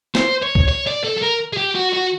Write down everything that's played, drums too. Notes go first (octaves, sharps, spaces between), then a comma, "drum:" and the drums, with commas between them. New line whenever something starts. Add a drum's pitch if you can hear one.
C5, drum: snare A#3
C#5
drum: kick C2
C#5
D5
A4
A4
A#4
G#4
G4
F#4
F#4